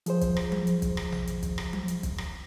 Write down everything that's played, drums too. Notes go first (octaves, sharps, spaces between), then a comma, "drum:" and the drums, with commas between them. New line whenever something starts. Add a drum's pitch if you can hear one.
F3 G#4 C5, drum: hi-hat
drum: kick, hi-hat
drum: rim click
drum: tom F3
drum: hi-hat
drum: kick, hi-hat
drum: rim click
drum: tom A#1
drum: hi-hat
drum: kick, hi-hat
drum: rim click
drum: tom F3
drum: hi-hat
drum: kick, hi-hat
drum: rim click